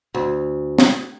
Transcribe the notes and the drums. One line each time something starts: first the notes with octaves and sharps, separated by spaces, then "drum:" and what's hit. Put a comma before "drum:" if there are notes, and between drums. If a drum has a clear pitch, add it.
D2
drum: snare